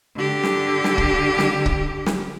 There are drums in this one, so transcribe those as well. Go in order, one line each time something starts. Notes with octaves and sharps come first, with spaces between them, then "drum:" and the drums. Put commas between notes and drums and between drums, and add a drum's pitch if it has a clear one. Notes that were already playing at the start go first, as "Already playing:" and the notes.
D3 G4
drum: snare
drum: snare
drum: kick C#1
drum: snare
drum: kick C#1
drum: snare